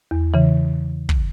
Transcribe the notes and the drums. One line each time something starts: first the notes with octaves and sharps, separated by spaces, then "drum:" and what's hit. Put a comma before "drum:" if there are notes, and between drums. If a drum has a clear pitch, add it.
E2
C#3 E3
drum: kick